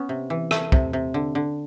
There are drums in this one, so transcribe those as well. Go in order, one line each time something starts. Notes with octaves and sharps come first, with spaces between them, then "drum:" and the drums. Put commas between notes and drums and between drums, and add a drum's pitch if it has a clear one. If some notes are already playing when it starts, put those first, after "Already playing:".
Already playing: B3 C#4
C3
E3
A3, drum: rim click
C3, drum: kick
C3
D3
D3